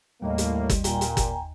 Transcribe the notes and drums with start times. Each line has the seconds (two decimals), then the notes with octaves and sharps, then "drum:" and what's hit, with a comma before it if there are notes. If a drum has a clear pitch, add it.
0.22 D#2 A2 G3 A#3 D#5
0.38 drum: hi-hat
0.70 drum: kick G1, hi-hat
0.84 A#2 G5 G#5 A#5, drum: hi-hat
1.01 drum: hi-hat
1.17 drum: kick G1, hi-hat